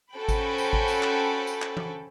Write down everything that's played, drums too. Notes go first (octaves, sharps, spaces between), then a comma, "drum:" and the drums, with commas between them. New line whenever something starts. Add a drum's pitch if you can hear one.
C#4 F#4 A4 C5 G5 B5
drum: kick G#1, tambourine
drum: tambourine
drum: kick G#1
drum: tambourine
drum: clap
drum: tambourine
drum: clap
drum: tom E3